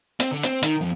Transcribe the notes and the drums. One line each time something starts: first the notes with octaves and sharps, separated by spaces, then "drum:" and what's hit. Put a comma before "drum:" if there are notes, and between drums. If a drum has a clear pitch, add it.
C4, drum: hi-hat
D3
C4, drum: hi-hat
D#3, drum: hi-hat
F2